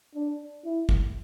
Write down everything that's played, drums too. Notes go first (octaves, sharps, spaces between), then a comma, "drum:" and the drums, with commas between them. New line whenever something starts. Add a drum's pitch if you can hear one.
D4
E4
drum: kick